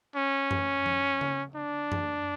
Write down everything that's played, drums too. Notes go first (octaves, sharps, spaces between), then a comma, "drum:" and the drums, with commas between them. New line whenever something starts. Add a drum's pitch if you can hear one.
C#4
drum: tom F#2
drum: tom F3
drum: tom C#3
D4
drum: tom F#2